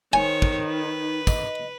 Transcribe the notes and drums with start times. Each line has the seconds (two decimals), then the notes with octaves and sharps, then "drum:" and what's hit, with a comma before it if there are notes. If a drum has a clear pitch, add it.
0.13 D#3 C5 C#5 G#5
0.42 drum: kick
0.67 D#4 B4
1.27 D#5, drum: kick, tambourine